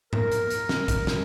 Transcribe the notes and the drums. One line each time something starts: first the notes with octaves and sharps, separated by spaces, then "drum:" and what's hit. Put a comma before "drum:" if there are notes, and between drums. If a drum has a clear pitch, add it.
A#4, drum: tom G#2
drum: hi-hat
drum: hi-hat
drum: snare
drum: kick A#1, hi-hat
drum: snare